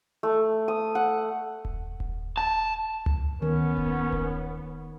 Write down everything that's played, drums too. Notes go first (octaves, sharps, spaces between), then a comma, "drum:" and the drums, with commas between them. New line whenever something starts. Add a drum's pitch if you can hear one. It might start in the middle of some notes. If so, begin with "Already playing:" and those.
A3
D#6
F#5
drum: kick D#1
drum: kick D#1
A5
drum: tom C#2
D#3 B3 C#4 A#4
drum: kick D#1
drum: kick D#1